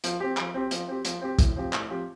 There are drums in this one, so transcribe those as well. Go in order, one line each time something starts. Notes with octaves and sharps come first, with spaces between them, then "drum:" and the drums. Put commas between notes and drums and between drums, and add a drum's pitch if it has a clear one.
F3, drum: hi-hat
C4 G4
F3, drum: clap
C4 G4
F3, drum: hi-hat
C4 G4
F3, drum: hi-hat
C4 G4
A2, drum: kick, hi-hat
F3 C4 G4
A2, drum: clap
F3 C4 G4